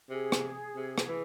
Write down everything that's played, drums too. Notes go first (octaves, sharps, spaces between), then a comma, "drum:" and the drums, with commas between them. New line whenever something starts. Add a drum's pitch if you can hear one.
C3 G#4
drum: rim click
C3
drum: rim click
E3